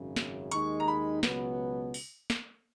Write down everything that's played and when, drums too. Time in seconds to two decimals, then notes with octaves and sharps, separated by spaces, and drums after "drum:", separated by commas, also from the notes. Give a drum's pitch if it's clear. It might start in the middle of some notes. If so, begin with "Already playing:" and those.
Already playing: G#1 F#2 C#3
0.16 drum: snare
0.51 D#2 D#3 G#3 D#4 C#6, drum: hi-hat
0.80 A#5
0.88 B5
1.23 C#2 B2 F#3 B3, drum: snare
1.94 drum: open hi-hat
2.30 drum: snare